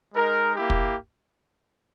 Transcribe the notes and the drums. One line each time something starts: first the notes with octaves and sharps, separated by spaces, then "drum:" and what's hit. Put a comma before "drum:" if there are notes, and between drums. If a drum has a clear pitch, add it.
G#3 D#4 A#4
A#3 E4 G4
drum: kick